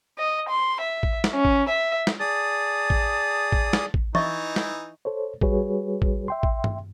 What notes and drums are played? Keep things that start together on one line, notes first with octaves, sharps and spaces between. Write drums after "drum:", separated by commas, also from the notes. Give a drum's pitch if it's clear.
D#5
C6
E5
drum: kick A1
drum: snare
C#4
drum: kick A1
E5
drum: snare
G#4 D5 A5 D#6
drum: kick A1
drum: kick A1
drum: snare
drum: kick A1
E3 D#4 D#5 E5 C#6, drum: tom E3
drum: snare
A4 C5 C#5
G3 F#4 G#4 B4 C#5, drum: kick A1
drum: kick A1
E5 G5 C6
drum: kick A1
drum: tom G2